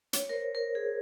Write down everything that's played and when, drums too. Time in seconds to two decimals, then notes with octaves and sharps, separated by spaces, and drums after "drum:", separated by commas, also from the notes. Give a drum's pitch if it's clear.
0.13 C#5, drum: hi-hat
0.29 A#4
0.33 C5
0.55 A#4
0.75 G#4